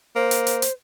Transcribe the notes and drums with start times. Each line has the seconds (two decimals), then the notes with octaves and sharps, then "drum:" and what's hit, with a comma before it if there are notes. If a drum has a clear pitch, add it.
0.16 A#3 C5
0.31 drum: hi-hat
0.47 drum: hi-hat
0.62 drum: hi-hat